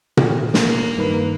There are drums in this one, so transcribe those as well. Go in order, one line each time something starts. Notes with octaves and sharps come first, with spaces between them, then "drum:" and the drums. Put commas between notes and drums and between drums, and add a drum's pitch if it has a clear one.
B2, drum: tom A#2
A#3, drum: snare
G2 D#3 B4